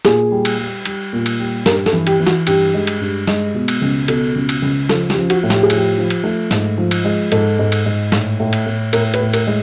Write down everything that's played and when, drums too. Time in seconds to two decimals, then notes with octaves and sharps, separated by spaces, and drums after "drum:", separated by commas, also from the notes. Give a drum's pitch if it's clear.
0.05 A#2 G#4, drum: snare
0.31 G3
0.45 drum: cymbal
0.58 G3
0.85 G3, drum: cymbal
1.13 A#2
1.26 drum: cymbal
1.39 G3
1.66 G2 A#4, drum: snare
1.86 A4, drum: snare
1.93 E3
2.07 G4, drum: cymbal
2.20 E3
2.27 F#4, drum: snare
2.47 G2 G4, drum: cymbal
2.74 G#3
2.87 drum: cymbal
3.01 G2
3.28 G#3, drum: snare
3.55 B2
3.68 drum: cymbal
3.82 C#2
4.08 B2 A4, drum: cymbal
4.36 C#2
4.49 drum: cymbal
4.62 C#2
4.89 F3 A4, drum: snare
5.10 G4, drum: snare
5.16 F3
5.30 F#4, drum: cymbal
5.43 A2
5.50 G4, drum: snare
5.63 G#4
5.70 F3, drum: cymbal
5.76 G4
5.98 F3
6.10 drum: cymbal
6.24 A3
6.51 G#2, drum: snare
6.78 F3
6.91 drum: cymbal
7.05 G#3
7.32 G#2 A4, drum: cymbal
7.59 G#2
7.72 drum: cymbal
7.86 G#2
8.12 A2, drum: snare
8.40 A2
8.53 drum: cymbal
8.66 A2
8.93 A2 A#4, drum: cymbal
9.14 B4, drum: cymbal
9.21 A2
9.33 A#4, drum: cymbal
9.47 G#3